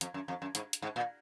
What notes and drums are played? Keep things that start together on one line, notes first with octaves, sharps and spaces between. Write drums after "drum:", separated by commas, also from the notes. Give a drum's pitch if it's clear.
F2, drum: hi-hat
F#2
F2
F#2
G#2, drum: hi-hat
drum: hi-hat
G#2
A#2